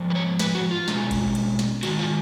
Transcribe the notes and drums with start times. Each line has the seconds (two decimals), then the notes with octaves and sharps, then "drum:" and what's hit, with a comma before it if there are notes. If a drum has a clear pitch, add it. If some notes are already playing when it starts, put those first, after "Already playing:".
Already playing: G#2 F3
0.10 B4
0.15 C#5
0.39 B4, drum: snare
0.55 F#4
0.71 F4
0.88 B2 G#3 C#4, drum: snare
1.11 drum: kick A1, cymbal
1.35 drum: cymbal
1.59 drum: snare
1.83 G#2 D#3 G#3 F#4, drum: cymbal
1.99 F4